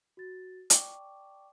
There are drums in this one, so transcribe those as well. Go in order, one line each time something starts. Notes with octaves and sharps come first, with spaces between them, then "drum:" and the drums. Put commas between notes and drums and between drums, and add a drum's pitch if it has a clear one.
F#4 A6
D5 G5 A5 C#6 D6, drum: hi-hat